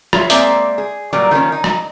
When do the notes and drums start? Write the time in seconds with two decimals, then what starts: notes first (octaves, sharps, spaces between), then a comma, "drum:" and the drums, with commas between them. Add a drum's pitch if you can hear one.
0.13 F4 C#5 E5, drum: rim click
0.30 G#3 A#3 C4 A#4 D5 E5, drum: hi-hat
0.78 G#4
1.13 A#2 F#3 G3 A#4 D5
1.31 D#3 F3 A#3 C#4
1.52 D#4
1.64 drum: rim click